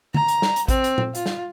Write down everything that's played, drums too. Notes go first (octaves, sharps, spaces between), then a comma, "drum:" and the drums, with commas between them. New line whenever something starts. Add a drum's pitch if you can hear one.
A#5, drum: tom D3
drum: hi-hat
drum: snare
drum: hi-hat
C4, drum: kick A1, hi-hat
drum: hi-hat
drum: tom A#2
F4, drum: hi-hat
drum: snare